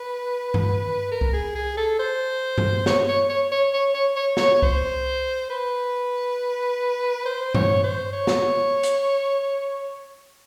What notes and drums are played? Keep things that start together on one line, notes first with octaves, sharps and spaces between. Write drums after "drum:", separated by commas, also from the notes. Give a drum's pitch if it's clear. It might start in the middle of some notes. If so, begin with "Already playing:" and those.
Already playing: B4
drum: tom G2
A#4
drum: kick C2
G#4
G#4
A4
C5
drum: tom G2
C#5, drum: snare
C#5
C#5
C#5
C#5
C#5
C#5
C#5, drum: snare
C#5
C5, drum: kick C2
B4
C5
C#5, drum: tom G2
C5
C#5
drum: snare
drum: hi-hat